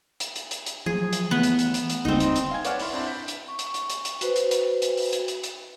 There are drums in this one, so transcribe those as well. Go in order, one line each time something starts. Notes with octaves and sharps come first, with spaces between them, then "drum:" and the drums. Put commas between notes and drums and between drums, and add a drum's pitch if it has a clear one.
drum: hi-hat
drum: hi-hat
drum: hi-hat
drum: hi-hat
F3 F#3 G#4
drum: hi-hat
E3 A3 B3 B4 F#5
drum: hi-hat
drum: hi-hat
drum: hi-hat
drum: hi-hat
D#1 C#2 G3 C4 D#4
drum: hi-hat
drum: hi-hat
F5 G#5 G#6
B4 C#5 D5 F#5 C#6 F6, drum: hi-hat
E4 B5 C6, drum: open hi-hat
C4 D4 E4
G6 B6
drum: hi-hat
C#6
drum: hi-hat
drum: hi-hat
drum: hi-hat
drum: hi-hat
F#4 B4 C5, drum: hi-hat
drum: hi-hat
drum: hi-hat
drum: hi-hat
drum: open hi-hat
drum: hi-hat
drum: hi-hat
drum: hi-hat